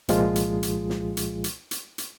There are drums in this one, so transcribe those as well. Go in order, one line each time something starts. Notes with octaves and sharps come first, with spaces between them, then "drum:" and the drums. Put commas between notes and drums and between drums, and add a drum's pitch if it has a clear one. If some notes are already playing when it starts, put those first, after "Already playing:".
C2 A#2 F3 G#3 F4 G#4, drum: hi-hat
drum: hi-hat
drum: hi-hat
drum: snare
drum: hi-hat
drum: hi-hat
drum: hi-hat
drum: hi-hat